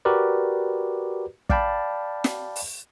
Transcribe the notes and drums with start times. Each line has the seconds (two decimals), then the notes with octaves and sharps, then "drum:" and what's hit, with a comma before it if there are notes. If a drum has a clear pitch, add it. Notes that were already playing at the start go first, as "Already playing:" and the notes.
0.05 F#4 G4 A#4 B4 D5
1.50 D5 F5 G5 A5 B5, drum: kick
2.24 drum: snare
2.56 drum: open hi-hat